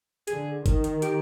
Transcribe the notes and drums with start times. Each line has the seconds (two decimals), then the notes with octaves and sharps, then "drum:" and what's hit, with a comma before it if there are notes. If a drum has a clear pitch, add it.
0.27 D3 G#4, drum: hi-hat
0.66 D#3, drum: kick F#1, hi-hat
0.84 drum: hi-hat
1.02 G4, drum: hi-hat